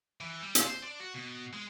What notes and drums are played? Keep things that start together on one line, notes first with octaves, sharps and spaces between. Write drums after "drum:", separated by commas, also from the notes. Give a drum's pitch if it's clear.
E3
G3
A#2, drum: hi-hat
C5
D4
F#4
B2
G#3